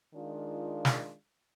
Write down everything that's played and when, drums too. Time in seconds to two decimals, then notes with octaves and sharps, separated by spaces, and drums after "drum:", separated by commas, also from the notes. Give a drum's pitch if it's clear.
0.14 D#3 G#3 D4 F4
0.85 drum: snare